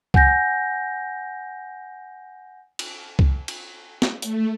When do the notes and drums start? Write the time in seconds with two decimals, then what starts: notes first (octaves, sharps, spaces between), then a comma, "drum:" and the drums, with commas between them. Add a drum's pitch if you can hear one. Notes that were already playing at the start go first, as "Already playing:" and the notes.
0.14 F#5 G#5 G6 A#6, drum: kick C2
2.79 drum: cymbal
3.19 drum: kick C2
3.48 drum: cymbal
4.02 drum: snare
4.22 A3, drum: hi-hat